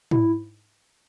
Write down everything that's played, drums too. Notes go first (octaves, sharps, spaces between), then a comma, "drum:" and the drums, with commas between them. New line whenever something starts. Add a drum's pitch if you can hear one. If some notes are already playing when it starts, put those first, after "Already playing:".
E4, drum: tom